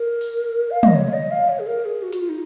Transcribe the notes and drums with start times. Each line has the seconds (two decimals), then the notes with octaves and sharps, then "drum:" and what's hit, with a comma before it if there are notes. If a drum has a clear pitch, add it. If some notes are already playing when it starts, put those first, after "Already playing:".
Already playing: A#4
0.21 drum: open hi-hat
0.71 F5
0.83 D#5, drum: tom
0.95 C#5
1.13 D#5
1.31 F5
1.49 C#5
1.59 G#4
1.67 A#4
1.85 G#4
2.02 F#4
2.13 F#4, drum: hi-hat
2.21 F4
2.29 D#4